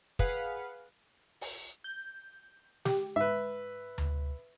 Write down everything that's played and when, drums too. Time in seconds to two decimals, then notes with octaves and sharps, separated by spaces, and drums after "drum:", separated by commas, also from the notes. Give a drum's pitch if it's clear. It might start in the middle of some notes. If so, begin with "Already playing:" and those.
0.19 G#4 B4 F5 F#5, drum: kick
1.41 drum: open hi-hat
1.84 G6
2.85 G4, drum: snare
3.16 G#2 B4 E5
3.98 drum: tom D2